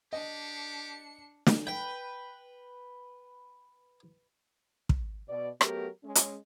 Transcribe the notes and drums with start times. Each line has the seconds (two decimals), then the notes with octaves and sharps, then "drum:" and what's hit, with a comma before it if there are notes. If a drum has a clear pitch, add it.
0.13 D4 G4 D#5 C#7
1.47 drum: snare
1.67 B4 G5
4.89 drum: kick
5.29 B2 D5
5.61 F#3 A3 B3 G4 A#4, drum: rim click
6.04 G#3 C#4
6.15 drum: hi-hat